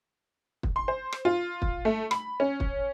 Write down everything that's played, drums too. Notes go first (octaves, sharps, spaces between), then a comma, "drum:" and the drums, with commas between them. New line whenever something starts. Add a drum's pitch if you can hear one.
drum: kick
C6
C5
drum: rim click
F4
drum: kick
A3
B5, drum: rim click
C#4
drum: kick